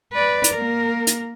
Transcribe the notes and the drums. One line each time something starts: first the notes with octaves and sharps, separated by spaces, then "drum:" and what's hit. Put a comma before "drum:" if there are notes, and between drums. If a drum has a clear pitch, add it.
B4 D5
drum: hi-hat
A#3 A#4
drum: hi-hat